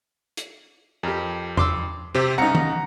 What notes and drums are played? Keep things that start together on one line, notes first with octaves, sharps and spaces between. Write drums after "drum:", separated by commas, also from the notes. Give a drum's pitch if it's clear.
drum: hi-hat
F2 G4 A#4
C6 D6 E6, drum: tom E2
C3 C4 G4
C2 C#3 D#4 F#5 A#5 C#7
drum: tom D#3